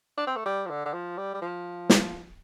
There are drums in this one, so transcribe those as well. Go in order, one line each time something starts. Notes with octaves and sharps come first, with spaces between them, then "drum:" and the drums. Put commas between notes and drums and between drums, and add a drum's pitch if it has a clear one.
D4
C4
A3
G3
F3
D3
D3
F3
G3
G3
F3
drum: snare